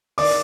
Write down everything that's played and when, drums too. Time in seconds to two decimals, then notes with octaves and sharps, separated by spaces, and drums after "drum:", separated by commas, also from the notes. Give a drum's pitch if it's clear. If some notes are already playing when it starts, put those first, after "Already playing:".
0.18 D#3 D5 D6, drum: open hi-hat